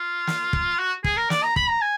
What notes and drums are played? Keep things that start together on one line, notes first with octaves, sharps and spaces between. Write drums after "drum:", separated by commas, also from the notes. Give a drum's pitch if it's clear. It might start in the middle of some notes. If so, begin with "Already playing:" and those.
Already playing: F4
drum: snare
drum: kick
F#4
G#4, drum: kick
A#4
D5, drum: snare
A#5
B5, drum: kick
A#5
G#5